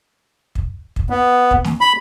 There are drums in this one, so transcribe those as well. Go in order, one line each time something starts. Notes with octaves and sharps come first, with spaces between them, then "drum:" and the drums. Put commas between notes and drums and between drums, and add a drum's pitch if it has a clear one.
drum: kick
drum: kick
B3
drum: kick
drum: snare
B5